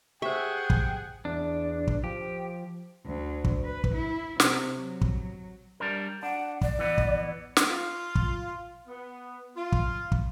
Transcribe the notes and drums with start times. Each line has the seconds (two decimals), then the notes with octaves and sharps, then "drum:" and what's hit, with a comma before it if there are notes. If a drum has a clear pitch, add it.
0.22 G4 G#4 C5 E5 F#5 G5
0.70 drum: kick
1.25 E2 D4
1.87 drum: kick
2.04 F3 G4
3.05 D2
3.44 drum: kick
3.64 B4
3.84 drum: kick
3.94 E4
4.40 C3, drum: snare
4.77 F#3
5.01 drum: kick
5.80 G3 D4 A#4
6.23 D4 F#5
6.61 D5, drum: kick
6.79 E3 B3
6.98 drum: kick
7.57 drum: snare
7.69 F4
8.15 drum: kick
8.88 B3
9.57 F4
9.72 drum: kick
10.12 drum: kick